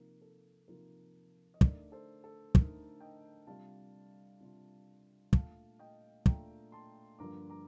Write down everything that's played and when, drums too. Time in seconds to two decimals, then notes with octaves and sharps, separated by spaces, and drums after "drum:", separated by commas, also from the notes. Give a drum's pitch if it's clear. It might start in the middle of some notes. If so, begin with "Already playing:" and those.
Already playing: C3 F3 A#3 D#4 A#4
0.22 A4
0.68 C3 F3 A#3 D#4 A#4
1.54 D#5
1.61 D3 A3 D#4 A#4 D5, drum: kick
1.92 A4 C5
2.24 A4
2.55 D3 A3 D#4 A#4, drum: kick
3.00 D#5 G5
3.47 C3 G3 D4 F4 F5 A5
4.41 C3 G3 D4 F4
5.33 A#2 A3 D4 F4 F5 A5, drum: kick
5.79 D#5 G5
6.26 A#2 A3 D4 F4 G5 A#5, drum: kick
6.72 A5 C6
7.19 G2 D3 F3 A#3 D4 A#5 D6
7.50 A#5 D6